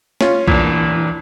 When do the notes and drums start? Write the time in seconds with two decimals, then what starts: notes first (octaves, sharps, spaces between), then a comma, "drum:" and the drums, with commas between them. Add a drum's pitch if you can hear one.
0.21 C#4 F4, drum: snare
0.48 A#2 E3 D4, drum: kick B1